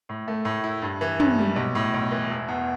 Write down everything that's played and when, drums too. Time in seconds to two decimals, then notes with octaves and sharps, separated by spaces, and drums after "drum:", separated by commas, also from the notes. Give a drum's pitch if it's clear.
0.09 A2
0.28 A3
0.45 A2
0.64 E4
0.82 G2
1.01 E3
1.20 G2, drum: tom
1.39 G3
1.56 B1
1.75 A2
1.94 B1
2.11 E3
2.30 E1
2.48 E2